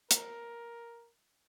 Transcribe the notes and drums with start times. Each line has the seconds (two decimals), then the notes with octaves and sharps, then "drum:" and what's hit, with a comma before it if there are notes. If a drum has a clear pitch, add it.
0.11 A#4, drum: hi-hat